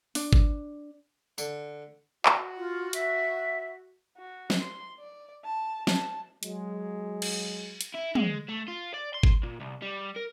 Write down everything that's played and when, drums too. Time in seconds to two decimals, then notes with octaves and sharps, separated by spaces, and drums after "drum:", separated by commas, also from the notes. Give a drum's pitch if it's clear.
0.15 D4, drum: open hi-hat
0.33 drum: kick G1
1.38 D3, drum: tambourine
2.26 F#4, drum: clap
2.57 F4
2.93 E5, drum: hi-hat
4.18 F#4
4.50 drum: snare
4.60 C6
4.99 D5
5.45 A5
5.87 A5, drum: snare
6.43 F#3 G#3, drum: hi-hat
7.22 drum: cymbal
7.81 drum: hi-hat
7.95 E4
8.15 G#3, drum: tom
8.48 A3
8.68 F4
8.94 D5
9.14 C6
9.23 drum: kick G1
9.43 A#2
9.61 C2
9.82 G3
10.16 A#4